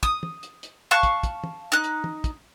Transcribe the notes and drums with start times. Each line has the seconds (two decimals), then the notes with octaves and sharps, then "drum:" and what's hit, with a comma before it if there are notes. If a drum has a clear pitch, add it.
0.03 D#6, drum: kick
0.23 drum: tom
0.43 drum: hi-hat
0.63 drum: hi-hat
0.91 F5 A5 C#6 F#6
1.03 drum: kick, hi-hat
1.23 drum: kick, hi-hat
1.44 drum: tom
1.72 D#4 F#6
1.84 drum: hi-hat
2.04 drum: tom
2.24 drum: kick, hi-hat